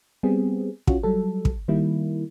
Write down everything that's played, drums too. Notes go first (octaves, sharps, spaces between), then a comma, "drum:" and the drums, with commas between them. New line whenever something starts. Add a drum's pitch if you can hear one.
G3 B3 C4 G#4
C#4 F4 F#4, drum: kick
F#3 G3 A4
drum: kick
D#3 G3 A#3 E4